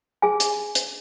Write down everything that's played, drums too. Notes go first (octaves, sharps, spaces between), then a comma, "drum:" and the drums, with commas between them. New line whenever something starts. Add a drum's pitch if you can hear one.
G#4 G#5
drum: hi-hat
drum: hi-hat